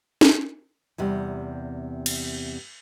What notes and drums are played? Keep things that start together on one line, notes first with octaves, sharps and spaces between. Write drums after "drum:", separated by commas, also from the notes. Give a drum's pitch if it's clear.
drum: snare
E2 C3 G3
drum: cymbal